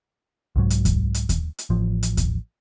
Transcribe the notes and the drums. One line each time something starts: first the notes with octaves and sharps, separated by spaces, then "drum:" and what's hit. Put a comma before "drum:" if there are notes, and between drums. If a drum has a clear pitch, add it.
C2 G#2 F#3
drum: hi-hat
drum: kick D#2, hi-hat
drum: hi-hat
drum: kick D#2, hi-hat
drum: hi-hat
A1 F3
drum: hi-hat
drum: kick D#2, hi-hat